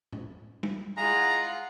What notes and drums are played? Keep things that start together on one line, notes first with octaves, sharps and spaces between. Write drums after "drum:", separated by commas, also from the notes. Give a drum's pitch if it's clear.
drum: tom
drum: tom
G#3 E4 F4 G#4 F#5 A#5